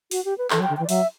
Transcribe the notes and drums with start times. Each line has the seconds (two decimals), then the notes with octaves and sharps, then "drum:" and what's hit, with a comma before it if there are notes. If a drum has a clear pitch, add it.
0.11 F#4, drum: open hi-hat
0.25 G4
0.38 B4
0.50 E3 A4, drum: clap
0.60 F#3
0.63 G5
0.70 D3
0.77 E3 G5
0.84 D5
0.89 F#3 E5, drum: open hi-hat